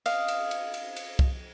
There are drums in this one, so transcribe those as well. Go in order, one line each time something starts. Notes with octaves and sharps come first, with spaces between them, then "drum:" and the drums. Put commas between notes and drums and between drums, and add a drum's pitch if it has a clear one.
D#5 F5, drum: cymbal
drum: cymbal
drum: cymbal
drum: cymbal
drum: cymbal
drum: kick C2